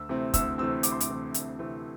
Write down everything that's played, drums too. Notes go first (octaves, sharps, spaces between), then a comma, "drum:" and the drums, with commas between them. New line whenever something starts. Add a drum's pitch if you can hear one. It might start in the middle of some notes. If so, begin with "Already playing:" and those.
Already playing: D2 E6
C3 E3 A3 C4
D2 E6, drum: kick, hi-hat
C3 E3 A3 C4 E6
D2 D6, drum: hi-hat
C6
D6, drum: hi-hat
C3 E3 A3 C4
D2, drum: hi-hat
C3 E3 A3 C4